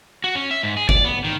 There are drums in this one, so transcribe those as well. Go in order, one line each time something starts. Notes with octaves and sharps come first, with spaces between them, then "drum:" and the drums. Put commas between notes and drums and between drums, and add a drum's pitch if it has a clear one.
F#4
C#4
E5
G#2
G#4
D5, drum: kick
B3
D#3